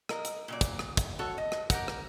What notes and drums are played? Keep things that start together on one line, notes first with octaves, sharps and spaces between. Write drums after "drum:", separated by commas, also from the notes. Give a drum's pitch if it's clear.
A#4 D#5, drum: rim click
drum: hi-hat
A#2 F#3 D5
drum: kick, hi-hat
drum: rim click
drum: kick, hi-hat
F#4 A4 C#5
D#5
drum: rim click
G4 A#4 F#5, drum: kick, hi-hat
drum: rim click